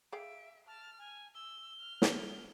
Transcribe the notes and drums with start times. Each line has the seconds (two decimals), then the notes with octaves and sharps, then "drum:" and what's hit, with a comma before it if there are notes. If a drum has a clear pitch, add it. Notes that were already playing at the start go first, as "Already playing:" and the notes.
0.12 G#4 E5 F5 G5 D7
0.67 A5 F6
0.99 G#5
1.35 E6 G7
1.80 F6
2.02 drum: snare